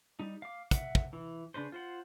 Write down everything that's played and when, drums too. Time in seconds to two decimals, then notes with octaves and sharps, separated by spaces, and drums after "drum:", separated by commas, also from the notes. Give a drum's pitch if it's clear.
0.19 G3 D#4
0.42 F5 D6
0.71 E5 F#5, drum: kick, hi-hat
0.95 drum: kick
1.13 E3
1.54 C#3 D4 B4 C5
1.72 F4 C5 F#5